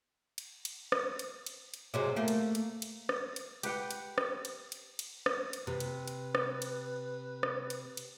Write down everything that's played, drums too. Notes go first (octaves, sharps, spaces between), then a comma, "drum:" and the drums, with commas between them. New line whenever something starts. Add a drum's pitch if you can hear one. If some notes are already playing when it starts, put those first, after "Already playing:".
drum: cymbal
drum: cymbal
drum: rim click
drum: cymbal
drum: cymbal
drum: cymbal
C3 F#3 G#3
A3 A#3
drum: cymbal
drum: cymbal
drum: cymbal
drum: rim click
drum: cymbal
G4 B4 F#5 G5, drum: cymbal
drum: cymbal
drum: rim click
drum: cymbal
drum: cymbal
drum: cymbal
drum: rim click
drum: cymbal
C3 B4
drum: cymbal
drum: cymbal
drum: rim click
drum: cymbal
drum: rim click
drum: cymbal
drum: cymbal